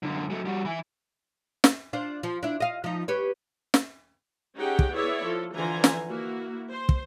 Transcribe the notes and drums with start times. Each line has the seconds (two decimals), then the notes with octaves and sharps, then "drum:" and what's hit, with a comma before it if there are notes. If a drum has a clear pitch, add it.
0.03 F#2 D3
0.30 F#3 A3
0.45 G3 F#4
0.65 E3 E4
1.64 drum: snare
1.93 D4 F4 C5
2.23 F3
2.43 D4 E4
2.60 D#5 F5
2.84 F3 D#4
3.08 G4 B4 C#5
3.74 drum: snare
4.55 C#4 D#4 G4 G#4 F#5 G5
4.79 drum: kick
4.92 B3 E4 G#4 C#5 D5 E5
5.24 F3 A4
5.54 D3 E3 F3 C5 G#5 A#5
5.84 drum: snare
6.07 A#3 E4 F#4
6.70 C5
6.89 drum: kick